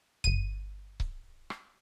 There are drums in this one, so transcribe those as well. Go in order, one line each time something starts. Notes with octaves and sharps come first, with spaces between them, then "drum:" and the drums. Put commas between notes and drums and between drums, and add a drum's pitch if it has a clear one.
G1 D#7, drum: kick C#1
drum: kick C#1
drum: rim click